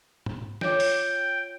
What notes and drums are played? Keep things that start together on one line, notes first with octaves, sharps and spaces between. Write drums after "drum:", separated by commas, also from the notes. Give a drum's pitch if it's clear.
drum: tom
F4 C#5 G5 D6, drum: snare
drum: open hi-hat